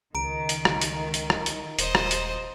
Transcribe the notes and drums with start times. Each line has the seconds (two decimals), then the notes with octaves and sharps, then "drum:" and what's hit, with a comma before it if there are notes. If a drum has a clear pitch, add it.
0.15 C#2 D#3 A#5 D7
0.49 drum: hi-hat
0.65 drum: rim click
0.81 drum: hi-hat
1.14 drum: hi-hat
1.30 drum: rim click
1.46 drum: hi-hat
1.79 D#1 C5 D#5, drum: hi-hat
1.95 drum: rim click
2.11 drum: hi-hat